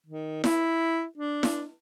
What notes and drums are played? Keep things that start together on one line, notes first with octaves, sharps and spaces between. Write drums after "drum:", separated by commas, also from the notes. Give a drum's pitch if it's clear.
D#3
E4, drum: snare E4
D4
drum: snare E4